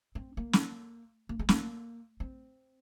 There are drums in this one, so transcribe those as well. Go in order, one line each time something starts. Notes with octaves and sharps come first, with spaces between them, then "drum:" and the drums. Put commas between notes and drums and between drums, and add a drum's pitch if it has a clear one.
C4
A#3
drum: snare
A#3
G#3
A#3, drum: snare
C4